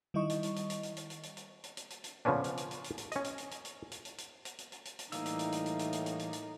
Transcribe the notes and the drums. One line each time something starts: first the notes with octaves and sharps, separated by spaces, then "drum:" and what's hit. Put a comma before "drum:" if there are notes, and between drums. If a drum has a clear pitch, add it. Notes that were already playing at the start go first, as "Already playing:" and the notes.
D#3 G3 E4 D#5 C#6
drum: hi-hat
drum: hi-hat
drum: hi-hat
drum: hi-hat
drum: hi-hat
drum: hi-hat
drum: hi-hat
drum: hi-hat
drum: hi-hat
drum: hi-hat
drum: hi-hat
drum: hi-hat
drum: hi-hat
C#3 F3 B3 C#4 D4
drum: hi-hat
drum: hi-hat
drum: hi-hat
drum: hi-hat
drum: hi-hat
C#4 D#5, drum: hi-hat
drum: hi-hat
drum: hi-hat
drum: hi-hat
drum: hi-hat
drum: hi-hat
drum: hi-hat
drum: hi-hat
drum: hi-hat
drum: hi-hat
drum: hi-hat
drum: hi-hat
drum: hi-hat
A2 E3 G3 A#3 D#4 E6, drum: hi-hat
drum: hi-hat
drum: hi-hat
drum: hi-hat
drum: hi-hat
drum: hi-hat
drum: hi-hat
drum: hi-hat
drum: hi-hat
drum: hi-hat